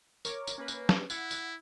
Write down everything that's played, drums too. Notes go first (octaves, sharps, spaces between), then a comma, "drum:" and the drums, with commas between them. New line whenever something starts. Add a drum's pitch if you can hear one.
A#4 C#5 D6, drum: tambourine
drum: tambourine
A#3 C#4 B4
drum: tambourine
drum: snare
E4 F#5, drum: tambourine
drum: tambourine